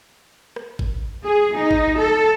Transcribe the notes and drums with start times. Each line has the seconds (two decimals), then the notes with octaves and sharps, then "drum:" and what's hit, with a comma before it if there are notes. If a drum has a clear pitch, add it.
0.56 drum: rim click
0.79 drum: kick
1.25 G#4
1.56 D#4
1.71 drum: kick
1.99 A4